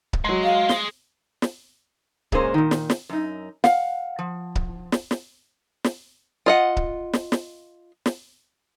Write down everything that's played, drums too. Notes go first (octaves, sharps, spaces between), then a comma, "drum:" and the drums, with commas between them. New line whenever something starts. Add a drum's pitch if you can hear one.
drum: kick C#1
F#3 G#3 C6
F5
G#4 C6, drum: snare
drum: snare
A#2 G#3 A#3 C#4 C5, drum: kick C#1
A#2 D#3
drum: snare
drum: snare
F#2 D#4
F5 F#5, drum: snare
F3
drum: kick C#1
drum: snare
drum: snare
drum: snare
F4 D#5 F#5
drum: kick C#1
drum: snare
drum: snare
drum: snare